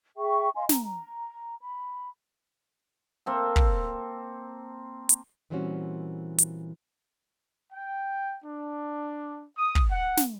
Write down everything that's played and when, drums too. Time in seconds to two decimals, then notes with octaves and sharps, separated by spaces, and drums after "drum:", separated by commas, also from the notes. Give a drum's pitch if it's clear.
0.17 G#4 E5 G5 C#6
0.55 D#5 F5 G#5 C6
0.69 A#5, drum: snare
1.62 B5
3.26 A#3 C4 A4
3.56 drum: kick
5.09 drum: hi-hat
5.50 A#2 E3 G3 C4 C#4 F#4
6.38 drum: hi-hat
7.72 G5
8.44 D4
9.57 D#6
9.75 drum: kick
9.91 F#5
10.17 drum: snare